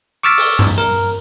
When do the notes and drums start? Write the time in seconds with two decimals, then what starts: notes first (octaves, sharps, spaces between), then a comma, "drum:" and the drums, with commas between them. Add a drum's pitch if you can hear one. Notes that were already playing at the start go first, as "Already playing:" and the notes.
0.23 C#6 D6 E6 F6 A6 B6
0.38 drum: open hi-hat
0.59 drum: tom G2
0.78 A#4